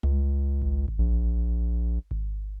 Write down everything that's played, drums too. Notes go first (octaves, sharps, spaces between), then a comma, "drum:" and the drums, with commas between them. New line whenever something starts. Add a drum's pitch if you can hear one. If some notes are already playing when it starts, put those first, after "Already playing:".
C#2, drum: tom G3
drum: kick G#1
drum: kick G#1
A#1
drum: kick G#1